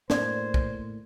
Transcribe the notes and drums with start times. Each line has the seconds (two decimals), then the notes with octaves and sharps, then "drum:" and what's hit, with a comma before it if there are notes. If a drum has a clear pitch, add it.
0.10 A2 A#3 C5 D5 G#6, drum: snare
0.54 drum: kick B1